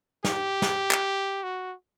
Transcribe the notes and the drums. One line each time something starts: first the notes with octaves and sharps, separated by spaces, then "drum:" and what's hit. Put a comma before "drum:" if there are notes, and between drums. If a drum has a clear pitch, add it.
G4, drum: snare
drum: snare
drum: clap
F#4